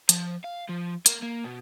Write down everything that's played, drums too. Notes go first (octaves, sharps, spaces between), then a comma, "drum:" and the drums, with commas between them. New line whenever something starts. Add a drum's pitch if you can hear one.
F3, drum: hi-hat
F5
F3
A#3, drum: hi-hat
A#3
B2